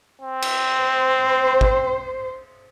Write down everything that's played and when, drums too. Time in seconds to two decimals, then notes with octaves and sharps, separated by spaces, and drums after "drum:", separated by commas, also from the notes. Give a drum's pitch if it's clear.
0.22 C4
0.42 drum: cymbal
0.78 C5
1.61 drum: kick G#1